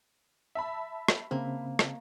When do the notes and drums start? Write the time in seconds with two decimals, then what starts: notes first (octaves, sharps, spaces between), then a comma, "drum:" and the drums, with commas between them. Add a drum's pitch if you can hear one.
0.55 E5 A5 B5
1.08 drum: rim click
1.31 C#3 A#3 C4
1.79 drum: rim click